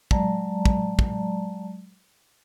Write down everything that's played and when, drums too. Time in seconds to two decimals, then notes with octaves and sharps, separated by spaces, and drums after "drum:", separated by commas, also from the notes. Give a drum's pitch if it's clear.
0.11 F#3 G#3 D5 A5 A#5, drum: kick
0.66 drum: kick
0.99 drum: kick